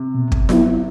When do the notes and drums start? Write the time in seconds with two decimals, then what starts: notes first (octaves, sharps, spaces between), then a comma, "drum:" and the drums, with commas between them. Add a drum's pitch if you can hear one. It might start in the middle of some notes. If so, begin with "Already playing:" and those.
Already playing: C3
0.15 B2
0.32 drum: kick
0.49 F#3 B3 E4, drum: snare F4